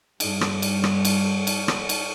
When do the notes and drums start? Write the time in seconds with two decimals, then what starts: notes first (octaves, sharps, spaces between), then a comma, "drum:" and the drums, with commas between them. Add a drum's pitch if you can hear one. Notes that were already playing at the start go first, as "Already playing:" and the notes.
0.20 G2 G3, drum: cymbal
0.41 drum: rim click
0.62 drum: cymbal
0.84 drum: rim click
1.05 drum: cymbal
1.47 drum: cymbal
1.68 drum: rim click
1.89 drum: cymbal